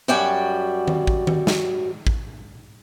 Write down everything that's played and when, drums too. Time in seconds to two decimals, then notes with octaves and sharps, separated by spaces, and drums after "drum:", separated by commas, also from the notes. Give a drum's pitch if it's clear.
0.08 F#2 G3 F#4 D5 G5 G#5
0.88 drum: tom D#3
1.07 drum: kick A1
1.27 drum: tom D#3
1.47 drum: snare
2.07 drum: kick A1